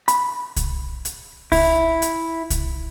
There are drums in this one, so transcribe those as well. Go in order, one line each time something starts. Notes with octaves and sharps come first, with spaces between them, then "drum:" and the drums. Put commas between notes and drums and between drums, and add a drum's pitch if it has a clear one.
B5, drum: hi-hat
drum: kick C2, hi-hat
drum: hi-hat
E4, drum: kick C2, open hi-hat
drum: hi-hat
drum: kick C2, hi-hat